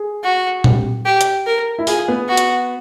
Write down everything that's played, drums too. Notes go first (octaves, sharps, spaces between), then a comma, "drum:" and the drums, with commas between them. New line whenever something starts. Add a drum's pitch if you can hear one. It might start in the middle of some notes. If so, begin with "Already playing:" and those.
Already playing: G#4
F#4
G4, drum: tom A#2
G4
drum: hi-hat
A#4
E4
F4 G#4, drum: open hi-hat
B3
F#4
drum: hi-hat